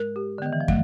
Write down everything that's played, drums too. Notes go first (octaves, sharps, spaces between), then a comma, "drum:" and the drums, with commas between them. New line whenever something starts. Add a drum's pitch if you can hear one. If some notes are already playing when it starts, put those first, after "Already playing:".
Already playing: G#2 G#3 A#4
G4
D3
D#3 B3
E3
F3
F#3 A3, drum: kick